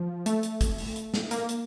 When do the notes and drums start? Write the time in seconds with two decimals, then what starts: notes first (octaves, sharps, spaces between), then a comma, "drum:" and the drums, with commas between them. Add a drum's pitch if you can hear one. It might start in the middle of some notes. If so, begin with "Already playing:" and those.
Already playing: F3
0.26 A3, drum: hi-hat
0.43 drum: hi-hat
0.61 drum: kick, hi-hat
0.78 drum: open hi-hat
0.96 drum: hi-hat
1.14 drum: snare
1.31 A#3, drum: hi-hat
1.49 drum: hi-hat